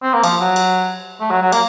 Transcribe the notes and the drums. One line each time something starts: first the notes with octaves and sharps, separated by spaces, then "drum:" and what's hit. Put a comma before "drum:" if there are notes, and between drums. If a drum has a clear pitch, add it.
C4
A#3
F3, drum: cymbal
F#3
drum: cymbal
A3
F#3
F#3
A#3, drum: cymbal